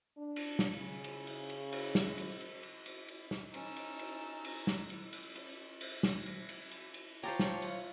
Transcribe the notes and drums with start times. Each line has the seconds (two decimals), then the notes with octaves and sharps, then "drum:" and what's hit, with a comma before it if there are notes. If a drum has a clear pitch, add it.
0.18 D4
0.36 drum: cymbal
0.59 drum: snare
0.75 C#3
1.04 drum: cymbal
1.27 drum: cymbal
1.50 drum: cymbal
1.72 drum: cymbal
1.95 drum: snare
2.18 drum: cymbal
2.40 drum: cymbal
2.63 drum: cymbal
2.86 drum: cymbal
3.08 drum: cymbal
3.31 drum: snare
3.54 C#4 D#4 A5 E6, drum: cymbal
3.76 drum: cymbal
3.99 drum: cymbal
4.45 drum: cymbal
4.67 drum: snare
4.90 drum: cymbal
5.13 drum: cymbal
5.35 drum: cymbal
5.81 drum: cymbal
6.03 drum: snare
6.26 drum: cymbal
6.49 drum: cymbal
6.71 drum: cymbal
6.94 drum: cymbal
7.23 F4 G4 C5 C#5 A5 A#5
7.39 drum: snare
7.62 drum: cymbal